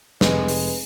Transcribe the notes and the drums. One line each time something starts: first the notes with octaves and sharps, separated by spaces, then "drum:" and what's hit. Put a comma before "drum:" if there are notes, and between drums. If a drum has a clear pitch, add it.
F1 G#3 B4, drum: snare
drum: open hi-hat